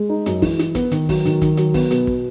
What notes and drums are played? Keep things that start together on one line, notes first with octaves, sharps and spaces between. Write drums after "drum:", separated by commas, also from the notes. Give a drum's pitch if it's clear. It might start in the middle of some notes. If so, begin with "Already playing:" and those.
Already playing: G#3
D#4
F#2, drum: hi-hat
E3, drum: kick, open hi-hat
E3, drum: hi-hat
B3, drum: kick, hi-hat
D#3, drum: hi-hat
F#3, drum: kick, open hi-hat
D#3, drum: hi-hat
D#3, drum: kick, hi-hat
F#3, drum: hi-hat
B3, drum: kick, open hi-hat
B2, drum: hi-hat
drum: kick